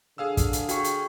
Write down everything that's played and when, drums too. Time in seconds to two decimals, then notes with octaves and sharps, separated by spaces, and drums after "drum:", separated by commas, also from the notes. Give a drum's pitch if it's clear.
0.18 D3 G#4 F5 E6
0.37 drum: kick, hi-hat
0.53 drum: hi-hat
0.69 F#4 G5 C#6, drum: hi-hat
0.84 drum: hi-hat